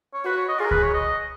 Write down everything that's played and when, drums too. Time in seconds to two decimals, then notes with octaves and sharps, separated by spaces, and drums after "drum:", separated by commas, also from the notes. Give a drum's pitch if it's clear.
0.14 C#5
0.25 F#4 B4
0.37 C#5
0.49 D#5
0.59 F4 G#4
0.65 A#4
0.71 B4, drum: kick C#2
0.83 C#5
0.94 D#5